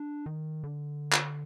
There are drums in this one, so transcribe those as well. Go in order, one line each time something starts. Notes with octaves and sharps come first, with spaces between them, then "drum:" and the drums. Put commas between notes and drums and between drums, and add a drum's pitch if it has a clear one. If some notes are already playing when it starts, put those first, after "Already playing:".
Already playing: D4
D#3
D3
drum: clap